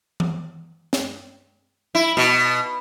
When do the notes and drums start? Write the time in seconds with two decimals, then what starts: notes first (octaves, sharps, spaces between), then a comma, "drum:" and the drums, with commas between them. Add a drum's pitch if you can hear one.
0.20 drum: tom E3
0.93 drum: snare
1.95 E4
2.17 B2